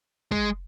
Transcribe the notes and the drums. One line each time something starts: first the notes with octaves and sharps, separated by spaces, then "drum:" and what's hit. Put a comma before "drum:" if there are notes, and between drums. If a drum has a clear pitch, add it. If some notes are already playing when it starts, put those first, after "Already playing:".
G#3, drum: kick